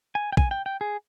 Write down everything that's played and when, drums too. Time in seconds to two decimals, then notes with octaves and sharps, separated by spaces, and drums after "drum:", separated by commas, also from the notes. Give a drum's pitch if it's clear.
0.15 G#5
0.32 G5
0.37 G#5, drum: kick
0.51 G5
0.66 G5
0.81 G#4